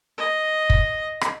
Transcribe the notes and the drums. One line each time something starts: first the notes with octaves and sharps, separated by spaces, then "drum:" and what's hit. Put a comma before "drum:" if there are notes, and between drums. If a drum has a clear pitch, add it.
D#5
drum: kick
drum: rim click